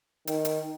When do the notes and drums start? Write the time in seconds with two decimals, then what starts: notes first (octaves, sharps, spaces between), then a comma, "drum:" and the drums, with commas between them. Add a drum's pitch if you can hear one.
0.27 D#3, drum: hi-hat
0.45 drum: hi-hat